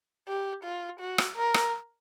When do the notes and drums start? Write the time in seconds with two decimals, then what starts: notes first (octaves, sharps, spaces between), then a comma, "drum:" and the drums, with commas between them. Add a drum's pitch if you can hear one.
0.28 G4
0.64 F4
1.00 F#4
1.18 drum: rim click
1.37 A#4
1.54 drum: rim click